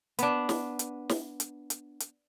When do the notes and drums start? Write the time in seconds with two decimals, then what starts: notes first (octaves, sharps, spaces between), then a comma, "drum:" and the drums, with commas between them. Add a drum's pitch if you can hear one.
0.19 B3 D4, drum: hi-hat
0.49 drum: snare
0.79 drum: hi-hat
1.09 drum: snare
1.40 drum: hi-hat
1.70 drum: hi-hat
2.00 drum: hi-hat